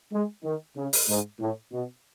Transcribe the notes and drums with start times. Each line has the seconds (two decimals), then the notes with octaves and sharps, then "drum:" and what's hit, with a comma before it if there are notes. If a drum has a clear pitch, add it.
0.12 G#3
0.44 D#3
0.77 C#3
0.93 drum: open hi-hat
1.08 G#2
1.40 A2
1.72 B2